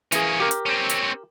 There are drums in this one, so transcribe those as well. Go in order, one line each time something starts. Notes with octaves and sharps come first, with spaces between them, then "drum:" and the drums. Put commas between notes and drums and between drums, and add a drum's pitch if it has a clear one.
E3 A#3 C#4 G#4, drum: hi-hat
G4 A#4
drum: hi-hat
C4 C#4
drum: hi-hat